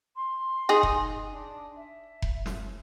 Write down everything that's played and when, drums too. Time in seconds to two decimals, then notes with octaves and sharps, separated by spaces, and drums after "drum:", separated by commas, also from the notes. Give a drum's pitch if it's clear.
0.16 C6
0.69 D#4 G#4
0.83 drum: kick F1
1.31 D4
1.76 E5
2.22 drum: kick F1
2.46 drum: snare